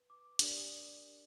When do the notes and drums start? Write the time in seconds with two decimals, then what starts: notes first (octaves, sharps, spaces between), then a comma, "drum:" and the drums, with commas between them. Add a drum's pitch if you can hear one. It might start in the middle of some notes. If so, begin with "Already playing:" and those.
Already playing: B4
0.10 D6
0.39 D4 G4 A#4 D5 D#6, drum: hi-hat